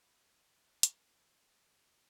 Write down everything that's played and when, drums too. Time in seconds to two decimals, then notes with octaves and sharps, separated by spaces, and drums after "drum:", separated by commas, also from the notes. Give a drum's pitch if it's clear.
0.03 C#5 F#5 B5
0.23 C#5
0.44 C#5
0.64 F#4
0.83 F#4, drum: hi-hat
1.03 C#5
1.23 C#5
1.43 C#5
1.63 B4 A5 C#6
1.83 F#4